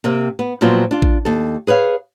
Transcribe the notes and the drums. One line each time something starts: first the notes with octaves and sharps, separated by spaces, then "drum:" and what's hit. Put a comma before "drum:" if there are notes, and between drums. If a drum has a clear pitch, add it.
C3 A#3 C4
B3
A#2 F3 F#3 B3 C4 F4
D4 F4
drum: kick A1
D#2 A4
G#4 B4 C#5 F5